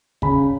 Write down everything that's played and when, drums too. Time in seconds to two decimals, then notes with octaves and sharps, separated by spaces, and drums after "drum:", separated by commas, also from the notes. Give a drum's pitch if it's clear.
0.22 C#3 B5, drum: kick